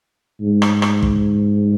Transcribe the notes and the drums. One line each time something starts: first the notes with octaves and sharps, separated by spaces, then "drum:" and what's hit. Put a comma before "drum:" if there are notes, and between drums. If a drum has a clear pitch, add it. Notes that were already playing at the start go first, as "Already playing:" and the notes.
G#2
drum: rim click
drum: rim click
drum: kick